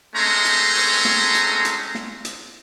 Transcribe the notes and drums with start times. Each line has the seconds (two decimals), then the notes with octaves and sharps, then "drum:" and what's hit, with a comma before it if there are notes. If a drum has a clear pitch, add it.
0.15 G#3 A3 C4 C#4 A#5 C6
0.45 drum: hi-hat
0.75 drum: open hi-hat
1.05 drum: snare
1.35 drum: hi-hat
1.65 drum: hi-hat
1.95 drum: snare
2.25 drum: hi-hat